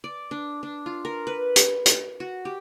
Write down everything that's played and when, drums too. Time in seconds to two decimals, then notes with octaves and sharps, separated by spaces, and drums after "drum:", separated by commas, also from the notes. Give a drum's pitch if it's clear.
0.04 D5
0.31 D4
0.63 D4
0.86 F4
1.05 A#4
1.27 B4
1.56 drum: hi-hat
1.86 drum: hi-hat
2.20 F#4
2.45 G4